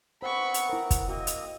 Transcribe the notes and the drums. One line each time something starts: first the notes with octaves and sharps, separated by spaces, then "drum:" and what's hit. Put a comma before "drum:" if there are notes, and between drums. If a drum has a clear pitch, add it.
B3 C4 C5 B5 C#6
drum: hi-hat
E4 A#4 C5
drum: kick, hi-hat
A#3 C4 F#4 D#5
drum: hi-hat